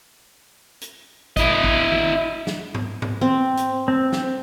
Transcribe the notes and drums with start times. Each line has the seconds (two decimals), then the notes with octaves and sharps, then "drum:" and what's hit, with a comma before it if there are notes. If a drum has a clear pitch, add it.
0.81 drum: hi-hat
1.37 E4 D#5, drum: kick, hi-hat
1.64 drum: kick
1.92 drum: tom D#3
2.47 drum: snare
2.75 drum: tom G#2
3.02 drum: tom G#2
3.21 C4
3.57 drum: hi-hat
3.88 C4
4.12 drum: snare